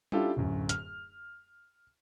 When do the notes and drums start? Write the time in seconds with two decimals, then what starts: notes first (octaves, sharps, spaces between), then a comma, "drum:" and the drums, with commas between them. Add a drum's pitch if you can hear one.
0.12 C#4 D4 E4 F4 G4 A4, drum: tom G3
0.37 D1 F#2
0.69 F6, drum: hi-hat